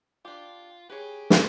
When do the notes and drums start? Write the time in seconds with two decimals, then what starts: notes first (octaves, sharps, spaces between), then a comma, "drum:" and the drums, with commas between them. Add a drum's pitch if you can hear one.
0.25 D4 F4 G4
0.90 G4 G#4 B4 C#5
1.30 drum: snare